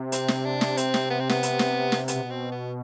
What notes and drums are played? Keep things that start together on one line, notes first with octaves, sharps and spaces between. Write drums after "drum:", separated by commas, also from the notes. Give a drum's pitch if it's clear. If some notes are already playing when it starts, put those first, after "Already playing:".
Already playing: C3
C4, drum: hi-hat
drum: snare
D4
drum: snare
C4, drum: hi-hat
drum: snare
B3
C4
B3, drum: snare
drum: hi-hat
drum: snare
drum: snare
B2 B3, drum: hi-hat
C4
B3